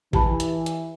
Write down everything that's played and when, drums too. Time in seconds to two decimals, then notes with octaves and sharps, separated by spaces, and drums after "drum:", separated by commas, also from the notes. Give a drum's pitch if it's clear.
0.13 E3 G4 A5 B5, drum: kick
0.40 drum: hi-hat
0.66 drum: hi-hat